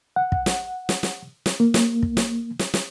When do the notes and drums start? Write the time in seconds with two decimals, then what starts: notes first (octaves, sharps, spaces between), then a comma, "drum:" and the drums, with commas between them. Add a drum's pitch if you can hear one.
0.16 F#5
0.32 drum: kick
0.46 drum: snare
0.89 drum: snare
1.03 drum: snare
1.46 drum: snare
1.60 A#3
1.74 drum: snare
2.03 drum: kick
2.17 drum: snare
2.59 drum: snare
2.74 drum: snare